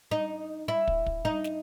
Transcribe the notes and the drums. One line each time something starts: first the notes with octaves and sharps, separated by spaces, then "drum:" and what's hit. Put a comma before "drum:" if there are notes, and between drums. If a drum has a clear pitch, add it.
D#4
E4
drum: kick
drum: kick
D#4
drum: snare